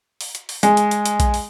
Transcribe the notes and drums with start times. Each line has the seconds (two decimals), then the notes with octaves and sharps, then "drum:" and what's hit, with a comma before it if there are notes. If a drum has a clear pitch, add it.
0.21 drum: open hi-hat
0.35 drum: hi-hat
0.49 drum: open hi-hat
0.63 G#3, drum: hi-hat
0.77 drum: hi-hat
0.91 drum: hi-hat
1.06 drum: hi-hat
1.20 drum: kick A#1, hi-hat
1.34 drum: open hi-hat